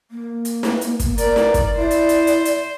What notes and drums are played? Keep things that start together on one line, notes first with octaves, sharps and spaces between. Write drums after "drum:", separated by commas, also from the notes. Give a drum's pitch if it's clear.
A#3
drum: hi-hat
drum: snare
drum: hi-hat
drum: kick, hi-hat
A#4 D5, drum: hi-hat
drum: snare
drum: kick, hi-hat
E4 C5 D5
drum: hi-hat
drum: hi-hat
drum: hi-hat
drum: hi-hat